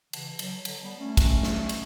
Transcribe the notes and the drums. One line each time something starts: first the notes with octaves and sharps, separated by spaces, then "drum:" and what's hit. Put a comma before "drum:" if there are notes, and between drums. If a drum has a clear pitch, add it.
C#3 E3, drum: cymbal
D3 F#3, drum: cymbal
D3 F#3, drum: cymbal
G3 B3
A3 C#4
drum: kick, cymbal
drum: snare
drum: cymbal